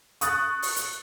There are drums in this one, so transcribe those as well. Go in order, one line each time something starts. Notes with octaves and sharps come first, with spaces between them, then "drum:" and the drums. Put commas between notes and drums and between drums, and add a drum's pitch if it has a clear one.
C#6 D#6 F#6 A6, drum: hi-hat
drum: open hi-hat
drum: hi-hat